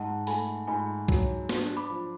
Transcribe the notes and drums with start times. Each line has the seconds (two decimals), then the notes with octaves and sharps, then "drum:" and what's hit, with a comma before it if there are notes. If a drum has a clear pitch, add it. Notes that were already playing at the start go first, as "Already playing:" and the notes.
Already playing: G#2 F#5 A5
0.27 A3 G#5 B5, drum: open hi-hat
0.67 G#2 G#5 B5
1.08 F#3, drum: kick
1.49 D4, drum: snare
1.77 B5 D6
1.89 F3